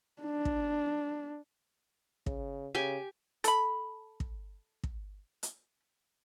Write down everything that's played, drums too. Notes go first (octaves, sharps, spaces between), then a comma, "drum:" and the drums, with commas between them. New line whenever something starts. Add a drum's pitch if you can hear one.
D4
drum: kick
C#3, drum: kick
C#3 G4 G#5
A4 B5, drum: hi-hat
drum: kick
drum: kick
drum: hi-hat